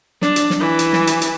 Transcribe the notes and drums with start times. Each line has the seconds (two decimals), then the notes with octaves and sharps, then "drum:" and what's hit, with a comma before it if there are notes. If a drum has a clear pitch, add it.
0.22 D4, drum: snare
0.36 drum: hi-hat
0.50 drum: snare
0.60 E3
0.79 drum: hi-hat
0.93 drum: snare
1.07 drum: hi-hat
1.22 drum: hi-hat